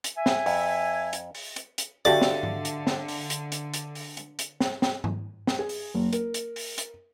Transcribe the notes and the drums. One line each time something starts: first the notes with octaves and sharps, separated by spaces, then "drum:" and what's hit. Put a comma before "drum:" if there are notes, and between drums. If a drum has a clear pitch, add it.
drum: hi-hat
E5 G#5
drum: snare
F2, drum: open hi-hat
drum: hi-hat
drum: open hi-hat
drum: hi-hat
drum: hi-hat
D3 F#4 G4 A4 D5 E5 F5
drum: snare
drum: tom G#2
drum: hi-hat
drum: snare
drum: open hi-hat
drum: hi-hat
drum: hi-hat
drum: hi-hat
drum: open hi-hat
drum: hi-hat
drum: hi-hat
drum: snare
drum: snare
drum: tom G#2
drum: snare
G#4
drum: open hi-hat
F#1
A#4, drum: hi-hat
drum: hi-hat
drum: open hi-hat
drum: hi-hat